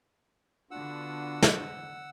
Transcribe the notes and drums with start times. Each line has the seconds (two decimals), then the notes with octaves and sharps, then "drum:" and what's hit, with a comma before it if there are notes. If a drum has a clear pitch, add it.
0.71 D3 B3 D4 F4 F#4 F#5 E6
1.42 drum: snare